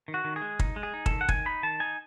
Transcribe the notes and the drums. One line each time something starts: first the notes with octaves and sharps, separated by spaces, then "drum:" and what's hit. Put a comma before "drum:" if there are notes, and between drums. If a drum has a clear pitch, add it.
D#3
F#4
D#3
G#4
G#3
D#4, drum: kick
G#3
G#4
D#4
A4, drum: kick
D#3
F#5
D#3 G#5, drum: kick
D#4 B5
D#3 A5
D#4 G#5